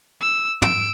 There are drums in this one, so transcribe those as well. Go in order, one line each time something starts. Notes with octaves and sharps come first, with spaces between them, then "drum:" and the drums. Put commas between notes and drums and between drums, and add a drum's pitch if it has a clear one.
E6
E6 D7, drum: tom